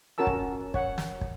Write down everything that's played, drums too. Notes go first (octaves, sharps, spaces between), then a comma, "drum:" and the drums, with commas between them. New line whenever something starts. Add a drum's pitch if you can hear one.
C#4 F#4 A#4 A5 E6
drum: kick
C#5 F#5, drum: kick
drum: snare
drum: kick